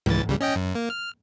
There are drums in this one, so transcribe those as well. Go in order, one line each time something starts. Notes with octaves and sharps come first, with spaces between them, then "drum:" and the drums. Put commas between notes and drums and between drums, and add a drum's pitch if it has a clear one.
C#2 E3 A6, drum: tom G#2
C#2 C#3 G3
C#4 D#5 G5
F#2
A#3
F6